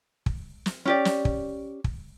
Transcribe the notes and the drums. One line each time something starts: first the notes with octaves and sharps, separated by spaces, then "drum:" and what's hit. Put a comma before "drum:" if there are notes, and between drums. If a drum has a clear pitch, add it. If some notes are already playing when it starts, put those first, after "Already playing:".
drum: kick
drum: snare
C#4 G4 D5
drum: snare
drum: kick
drum: kick